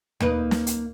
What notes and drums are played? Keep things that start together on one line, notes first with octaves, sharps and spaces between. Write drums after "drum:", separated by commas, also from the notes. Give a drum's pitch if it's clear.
A#3 D#4 B4, drum: tom D#2
drum: snare
drum: hi-hat